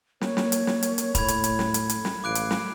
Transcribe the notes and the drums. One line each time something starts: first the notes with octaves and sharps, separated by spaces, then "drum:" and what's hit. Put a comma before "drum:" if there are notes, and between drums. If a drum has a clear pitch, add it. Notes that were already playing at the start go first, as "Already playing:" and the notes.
A#3 C#5, drum: snare
drum: snare
drum: hi-hat
drum: snare
drum: hi-hat
drum: hi-hat
A2 B5 G#6, drum: kick, hi-hat
drum: hi-hat
drum: hi-hat
drum: snare
drum: hi-hat
drum: hi-hat
drum: snare
A1 F5 D6 F#6 D7
drum: hi-hat
drum: snare